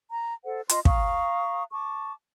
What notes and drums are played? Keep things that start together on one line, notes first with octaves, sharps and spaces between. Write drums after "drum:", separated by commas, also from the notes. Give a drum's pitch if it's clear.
A#5
A4 C5 F#5
F4 D#5 C6, drum: hi-hat
F5 A#5 C#6 D#6, drum: kick
A5 C#6 D6